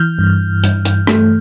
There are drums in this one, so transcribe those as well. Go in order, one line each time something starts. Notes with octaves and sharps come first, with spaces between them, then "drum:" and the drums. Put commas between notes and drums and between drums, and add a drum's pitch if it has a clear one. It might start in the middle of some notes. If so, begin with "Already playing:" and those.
Already playing: E3 F6 G6
G2
G2, drum: hi-hat
drum: hi-hat
A3, drum: rim click